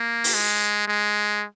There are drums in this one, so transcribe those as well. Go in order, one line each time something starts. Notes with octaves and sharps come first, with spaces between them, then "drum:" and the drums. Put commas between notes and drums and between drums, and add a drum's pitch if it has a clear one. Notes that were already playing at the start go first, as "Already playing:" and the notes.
Already playing: A#3
drum: open hi-hat
G#3
G#3